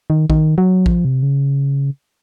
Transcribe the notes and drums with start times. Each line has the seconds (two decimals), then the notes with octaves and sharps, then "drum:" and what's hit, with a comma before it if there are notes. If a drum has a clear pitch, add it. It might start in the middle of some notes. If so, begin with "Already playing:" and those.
0.10 D#3
0.30 D#3, drum: kick A#1
0.58 F#3
0.86 F3, drum: kick A#1
1.05 C3
1.23 C#3